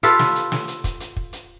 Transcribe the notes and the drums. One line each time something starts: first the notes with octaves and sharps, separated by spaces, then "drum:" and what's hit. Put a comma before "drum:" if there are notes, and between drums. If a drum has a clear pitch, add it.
F4 G4 A4 B4, drum: hi-hat
drum: snare
drum: hi-hat
drum: snare
drum: hi-hat
drum: kick, hi-hat
drum: hi-hat
drum: kick
drum: hi-hat